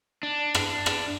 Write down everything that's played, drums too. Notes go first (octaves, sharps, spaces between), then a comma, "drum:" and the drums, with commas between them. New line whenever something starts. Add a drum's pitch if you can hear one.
D4
drum: rim click
drum: rim click